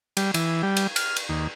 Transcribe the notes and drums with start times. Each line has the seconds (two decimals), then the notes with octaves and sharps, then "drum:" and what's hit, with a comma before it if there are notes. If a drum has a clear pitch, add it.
0.17 G3, drum: cymbal
0.34 E3, drum: cymbal
0.63 G3
0.77 drum: cymbal
0.96 F6, drum: cymbal
1.16 drum: cymbal
1.29 D#2